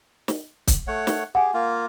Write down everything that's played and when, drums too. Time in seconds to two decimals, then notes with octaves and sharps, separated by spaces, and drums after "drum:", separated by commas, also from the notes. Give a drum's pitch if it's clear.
0.28 drum: snare
0.68 drum: kick, hi-hat
0.87 A3 C#5 F#5
1.07 drum: snare
1.35 G4 G#4 F#5 G#5
1.54 A#3 F4